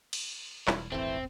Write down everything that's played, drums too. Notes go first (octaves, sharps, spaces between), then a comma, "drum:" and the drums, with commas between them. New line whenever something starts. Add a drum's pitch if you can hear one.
drum: cymbal
E1 G3 E4, drum: clap
D#1 G#1 E3 A3 C4